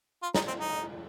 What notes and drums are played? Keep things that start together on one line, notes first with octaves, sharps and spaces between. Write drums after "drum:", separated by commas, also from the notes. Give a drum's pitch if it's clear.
F4
D#4, drum: snare
C4
D#4